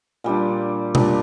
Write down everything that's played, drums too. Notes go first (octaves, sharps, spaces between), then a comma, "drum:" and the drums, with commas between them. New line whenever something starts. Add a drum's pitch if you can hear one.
A#2 G3 D4
A#2 G3 D4, drum: tom B2